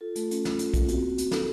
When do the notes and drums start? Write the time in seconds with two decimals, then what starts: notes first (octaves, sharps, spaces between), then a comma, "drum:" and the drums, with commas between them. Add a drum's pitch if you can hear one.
0.01 F4 A4
0.15 A3, drum: hi-hat
0.31 C#4, drum: hi-hat
0.45 F4, drum: snare
0.59 F4, drum: hi-hat
0.74 A#3, drum: kick, hi-hat
0.88 C4 F#4, drum: hi-hat
1.02 C4
1.18 F#4, drum: hi-hat
1.31 F#4 A4, drum: snare